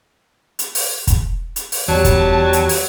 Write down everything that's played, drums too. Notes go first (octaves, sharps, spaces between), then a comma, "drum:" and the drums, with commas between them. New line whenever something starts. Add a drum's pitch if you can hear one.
drum: hi-hat
drum: open hi-hat
drum: kick, hi-hat
drum: hi-hat
drum: open hi-hat
E2 F#3 G3 A5
drum: kick, hi-hat
drum: hi-hat
drum: open hi-hat